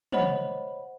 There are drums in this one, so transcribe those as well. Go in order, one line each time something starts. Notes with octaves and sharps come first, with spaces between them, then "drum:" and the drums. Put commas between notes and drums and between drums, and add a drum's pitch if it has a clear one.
C5 C#5 D#5 F#5 B5, drum: tom